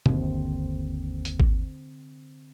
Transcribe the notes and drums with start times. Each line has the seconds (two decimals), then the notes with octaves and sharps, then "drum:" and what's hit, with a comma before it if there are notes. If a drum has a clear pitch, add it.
0.06 G1 D#2 D3 C4, drum: tom
1.25 drum: hi-hat
1.40 drum: kick G#1